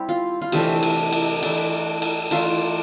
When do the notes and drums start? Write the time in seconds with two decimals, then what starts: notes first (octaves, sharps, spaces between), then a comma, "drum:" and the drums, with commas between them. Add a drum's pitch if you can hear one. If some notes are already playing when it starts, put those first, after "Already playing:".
Already playing: G3 C4 E4 G4
0.09 F4
0.42 F4
0.52 C3 E3 A3 D4 G4, drum: cymbal
0.83 drum: cymbal
1.13 drum: cymbal
1.43 E3 A3 D4, drum: cymbal
2.02 drum: cymbal
2.31 E3 A3 D4 F4, drum: cymbal